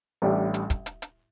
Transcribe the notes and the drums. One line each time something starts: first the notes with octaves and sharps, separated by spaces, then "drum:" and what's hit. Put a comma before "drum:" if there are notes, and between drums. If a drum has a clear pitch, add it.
A1 A2 G3 D4 G4
drum: hi-hat
drum: kick, hi-hat
drum: hi-hat
drum: hi-hat